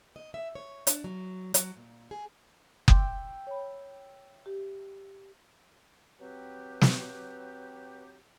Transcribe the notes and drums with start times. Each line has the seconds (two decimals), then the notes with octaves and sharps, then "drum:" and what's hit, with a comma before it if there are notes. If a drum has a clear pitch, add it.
0.16 D#5
0.34 E5
0.55 C#5
0.87 D4, drum: hi-hat
1.04 F#3
1.54 F#3, drum: hi-hat
1.77 A#2
2.11 G#4
2.88 E5 G5 C6 D6 E6, drum: kick F#1
3.47 C#5 B5
4.46 G4
6.20 F#3 C4 G4 B4
6.81 drum: snare